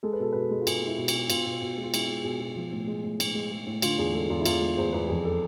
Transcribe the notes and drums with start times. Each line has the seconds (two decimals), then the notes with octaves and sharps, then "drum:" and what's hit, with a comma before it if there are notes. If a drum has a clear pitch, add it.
0.03 G#3 A4
0.13 B4
0.20 B2 A4
0.32 B2 B4
0.42 A4
0.51 G#3
0.62 F4
0.67 B2 G#4, drum: cymbal
0.82 G#3
0.87 E4
0.98 B2
1.08 F4, drum: cymbal
1.14 B2
1.30 B2 F4, drum: cymbal
1.46 B2
1.62 B2
1.77 G#3
1.83 F4
1.94 G#3 E4, drum: cymbal
2.08 G#3 F4
2.24 B2 G#4
2.40 B2 G#4
2.56 F3
2.72 A2
2.87 G#3
3.03 A2
3.20 A2, drum: cymbal
3.35 G#3
3.52 G#3
3.67 A2
3.82 D3 F4, drum: cymbal
3.98 E2 G#4
4.14 G#3 A4
4.30 E2 F4
4.41 E4
4.45 E2 F4, drum: cymbal
4.61 G#3 F4
4.77 E2 C5
4.93 E2 B4
5.09 F2 G#4
5.25 A4